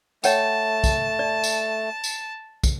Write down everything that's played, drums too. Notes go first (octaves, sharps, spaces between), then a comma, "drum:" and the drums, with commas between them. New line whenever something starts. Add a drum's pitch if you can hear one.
A3 C#5 F#5 G5 A5, drum: tambourine
drum: kick, tambourine
D5
drum: tambourine
drum: tambourine
drum: kick, tambourine